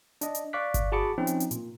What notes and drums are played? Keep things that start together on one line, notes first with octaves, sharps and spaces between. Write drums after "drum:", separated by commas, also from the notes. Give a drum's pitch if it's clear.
D4 D#5, drum: hi-hat
drum: hi-hat
D5 F5 C#6 D6 F#6 B6
drum: kick G1, hi-hat
F#4 G#4 A5 B5 D6 C#7
F3 C4 C#4 D#4
drum: hi-hat
drum: hi-hat
A#2, drum: hi-hat